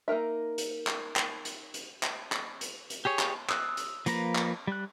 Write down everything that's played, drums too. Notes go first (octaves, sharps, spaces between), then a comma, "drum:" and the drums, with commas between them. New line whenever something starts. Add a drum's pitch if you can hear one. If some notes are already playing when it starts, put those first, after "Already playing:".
A#3 D#4 A#4 E5
drum: hi-hat
drum: clap
drum: clap
drum: hi-hat
drum: hi-hat
drum: clap
drum: clap
drum: hi-hat
drum: hi-hat
G4 G#4 C#5
drum: clap
D#6 E6 F#6, drum: clap
drum: hi-hat
F3 A#3 B4 A#5, drum: hi-hat
drum: clap
G3 F#6